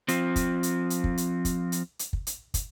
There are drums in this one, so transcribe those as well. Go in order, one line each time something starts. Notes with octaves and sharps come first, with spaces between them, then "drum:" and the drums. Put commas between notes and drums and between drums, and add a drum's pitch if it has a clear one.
F3 C4, drum: hi-hat
drum: kick, hi-hat
drum: hi-hat
drum: hi-hat
drum: kick
drum: hi-hat
drum: kick, hi-hat
drum: hi-hat
drum: hi-hat
drum: kick
drum: hi-hat
drum: kick, hi-hat